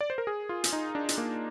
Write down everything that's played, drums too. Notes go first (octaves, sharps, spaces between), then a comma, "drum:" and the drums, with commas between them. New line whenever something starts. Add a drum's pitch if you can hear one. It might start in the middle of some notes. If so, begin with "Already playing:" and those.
D5
C5
A#4
G#4
F4
drum: hi-hat
D#4
D4
drum: hi-hat
A#3